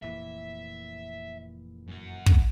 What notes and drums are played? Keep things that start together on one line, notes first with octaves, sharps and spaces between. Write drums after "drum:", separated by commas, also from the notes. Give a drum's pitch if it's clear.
F1 A#2 E3 E5
F#2 F#5
drum: kick